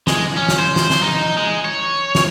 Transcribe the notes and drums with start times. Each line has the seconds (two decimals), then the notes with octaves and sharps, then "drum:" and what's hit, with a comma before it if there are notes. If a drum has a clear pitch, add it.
0.07 G#3, drum: snare
0.37 C#4
0.48 drum: snare
0.58 C5
0.76 drum: snare
0.90 drum: snare
1.02 D#4
1.37 G#3
1.65 C#5
2.15 drum: snare